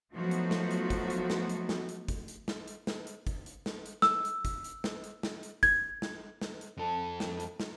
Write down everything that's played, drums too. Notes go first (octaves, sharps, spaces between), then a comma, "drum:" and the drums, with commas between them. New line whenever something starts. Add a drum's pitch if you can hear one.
F3 F#3 A3 B3 D#4 F#4
drum: hi-hat
drum: snare
drum: hi-hat
drum: kick, hi-hat
drum: hi-hat
drum: snare
drum: hi-hat
drum: snare
drum: hi-hat
drum: kick, hi-hat
drum: hi-hat
drum: snare
drum: hi-hat
drum: snare
drum: hi-hat
drum: kick, hi-hat
drum: hi-hat
drum: snare
drum: hi-hat
E6, drum: snare
drum: hi-hat
drum: kick, hi-hat
drum: hi-hat
drum: snare
drum: hi-hat
drum: snare
drum: hi-hat
G#6, drum: kick, hi-hat
drum: snare
drum: snare
drum: hi-hat
F2 A4
drum: snare
drum: hi-hat
drum: snare